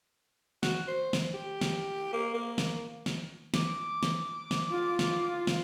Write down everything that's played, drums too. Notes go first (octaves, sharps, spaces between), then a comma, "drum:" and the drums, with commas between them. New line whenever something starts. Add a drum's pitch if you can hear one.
F#4, drum: snare
C5
drum: snare
G4
drum: snare
A#3
A#3
drum: snare
drum: snare
D6, drum: snare
drum: snare
drum: snare
F4
drum: snare
drum: snare